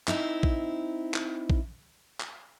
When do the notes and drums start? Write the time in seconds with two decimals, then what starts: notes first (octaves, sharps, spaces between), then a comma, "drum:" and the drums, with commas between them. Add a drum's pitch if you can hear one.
0.08 C4 D#4 E4, drum: clap
0.43 drum: kick A#1
1.14 drum: clap
1.50 drum: kick A#1
2.20 drum: clap